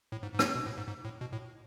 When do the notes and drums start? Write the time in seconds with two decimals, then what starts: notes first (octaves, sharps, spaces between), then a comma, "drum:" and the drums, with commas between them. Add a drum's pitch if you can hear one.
0.12 A2
0.23 G#2
0.34 G#2
0.39 A2, drum: rim click
0.55 B2
0.66 A2
0.78 G#2
0.88 G#2
1.05 A2
1.21 B2
1.33 A2